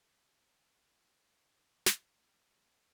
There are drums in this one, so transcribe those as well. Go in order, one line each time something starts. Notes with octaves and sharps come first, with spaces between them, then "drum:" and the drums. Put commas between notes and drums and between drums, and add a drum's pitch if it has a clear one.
A#2 E4 F4 B4 C#5
C#5 D#6 C7
A2 C#3 E3 E4 F#4 A4
D#4, drum: snare
F#3 G3 A3